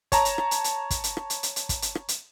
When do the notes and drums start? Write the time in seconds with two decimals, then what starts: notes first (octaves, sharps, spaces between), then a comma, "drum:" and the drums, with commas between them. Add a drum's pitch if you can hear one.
0.12 C#5 A5 A#5, drum: kick, hi-hat
0.25 drum: hi-hat
0.38 drum: rim click
0.51 drum: hi-hat
0.64 drum: hi-hat
0.90 drum: kick, hi-hat
1.04 drum: hi-hat
1.17 drum: rim click
1.30 drum: hi-hat
1.43 drum: hi-hat
1.56 drum: hi-hat
1.69 drum: kick, hi-hat
1.82 drum: hi-hat
1.95 drum: rim click
2.08 drum: hi-hat